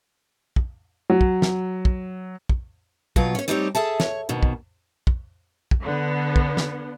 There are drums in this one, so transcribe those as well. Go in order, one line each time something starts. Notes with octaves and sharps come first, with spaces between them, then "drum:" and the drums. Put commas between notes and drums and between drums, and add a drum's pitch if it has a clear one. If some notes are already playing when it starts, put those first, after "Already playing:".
drum: kick
F#3
drum: kick
drum: snare
drum: kick
drum: kick
B2 F#3 F4, drum: kick
C#4 C#5
G3 A3 C4 D#4 G4 C#5
G#4 A4 E5 A5
C#5, drum: snare
F2 B2 D#3
drum: kick
drum: kick
drum: kick
D3 B3
drum: kick
drum: snare